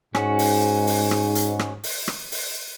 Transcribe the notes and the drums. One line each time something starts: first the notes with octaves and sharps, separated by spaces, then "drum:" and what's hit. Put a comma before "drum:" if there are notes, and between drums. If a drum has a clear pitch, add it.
G#2 C#4 F#4, drum: rim click
drum: open hi-hat
drum: open hi-hat
drum: rim click
drum: hi-hat
drum: rim click
drum: open hi-hat
drum: rim click
drum: open hi-hat